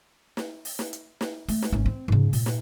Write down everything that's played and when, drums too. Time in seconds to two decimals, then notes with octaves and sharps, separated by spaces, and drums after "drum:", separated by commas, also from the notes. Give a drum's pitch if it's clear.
0.37 drum: snare
0.65 drum: open hi-hat
0.79 drum: snare
0.93 drum: hi-hat
1.21 drum: snare
1.49 A3, drum: open hi-hat
1.62 drum: snare
1.72 G#1 C#4
1.86 C4
2.08 G#2 C#3
2.33 A#2, drum: open hi-hat
2.46 drum: snare